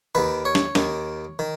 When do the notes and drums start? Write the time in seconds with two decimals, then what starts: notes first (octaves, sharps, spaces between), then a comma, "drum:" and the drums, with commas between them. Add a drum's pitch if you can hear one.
0.15 D#2 D#3 B4
0.45 C#5
0.55 drum: snare
0.75 D#2 D#3, drum: snare
1.39 D#3